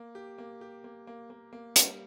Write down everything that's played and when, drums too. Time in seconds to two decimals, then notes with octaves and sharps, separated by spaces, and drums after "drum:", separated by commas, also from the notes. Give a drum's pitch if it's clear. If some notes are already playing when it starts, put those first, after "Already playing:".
Already playing: A#3
0.15 G4
0.38 A#3
0.61 G4
0.84 A#3
1.07 A#3
1.30 A#3
1.53 A#3
1.76 G3, drum: hi-hat